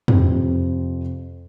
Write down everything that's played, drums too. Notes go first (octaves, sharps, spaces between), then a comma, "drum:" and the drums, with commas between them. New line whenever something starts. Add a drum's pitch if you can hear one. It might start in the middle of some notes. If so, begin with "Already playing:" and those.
F2 C3 C4, drum: tom